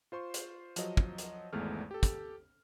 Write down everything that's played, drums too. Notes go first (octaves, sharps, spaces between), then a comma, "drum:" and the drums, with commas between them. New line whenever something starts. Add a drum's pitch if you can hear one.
F4 C5 C6 C#6
drum: hi-hat
F3 F#3 D#5, drum: hi-hat
drum: kick
drum: hi-hat
G#1 E2 G#3 A3 F6
G4 A4
drum: kick, hi-hat